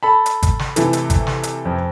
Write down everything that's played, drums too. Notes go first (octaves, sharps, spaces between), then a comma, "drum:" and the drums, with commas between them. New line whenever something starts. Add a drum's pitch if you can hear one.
A4 A5 B5
drum: hi-hat
drum: kick G#1, hi-hat
drum: snare
C3 E3 A3, drum: hi-hat
drum: hi-hat
drum: kick G#1, hi-hat
drum: snare
drum: hi-hat
F2